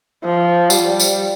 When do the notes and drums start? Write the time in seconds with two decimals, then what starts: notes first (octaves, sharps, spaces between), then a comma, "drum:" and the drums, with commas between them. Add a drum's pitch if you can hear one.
0.24 F3
0.70 G3, drum: tambourine
1.00 drum: tambourine